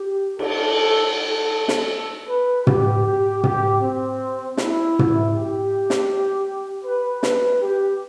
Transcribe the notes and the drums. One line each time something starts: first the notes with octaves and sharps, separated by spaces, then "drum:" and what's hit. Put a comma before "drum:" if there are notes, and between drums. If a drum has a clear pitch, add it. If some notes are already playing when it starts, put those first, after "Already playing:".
Already playing: G4
A4, drum: cymbal
A4
drum: snare
B4
G4, drum: tom
G4
G4, drum: tom
C4
E4, drum: snare
drum: tom
G4
drum: snare
B4
B4, drum: snare
G4